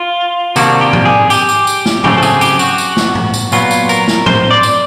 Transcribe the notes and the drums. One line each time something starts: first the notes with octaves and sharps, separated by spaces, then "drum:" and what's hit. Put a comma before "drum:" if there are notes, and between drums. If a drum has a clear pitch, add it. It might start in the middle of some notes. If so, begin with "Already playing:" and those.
Already playing: F4
C3 D#3 G3 A#3 D4 F#4, drum: tambourine
G4
drum: tom G#2
G#4
G4, drum: tambourine
drum: tambourine
drum: tambourine
drum: snare
C#3 F#3 A3 C4 G4, drum: tom G#2
A4
G#4, drum: tambourine
G4, drum: tambourine
F#4, drum: tambourine
drum: tambourine
drum: snare
drum: tom
drum: tambourine
A#2 F#3 B3 F4, drum: tambourine
drum: tambourine
A#4, drum: tambourine
drum: snare
C5, drum: tom G#2
D5
drum: tambourine